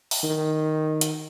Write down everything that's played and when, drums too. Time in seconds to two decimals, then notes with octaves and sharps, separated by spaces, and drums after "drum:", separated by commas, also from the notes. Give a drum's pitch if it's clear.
0.11 drum: open hi-hat
0.23 D#3
1.01 drum: hi-hat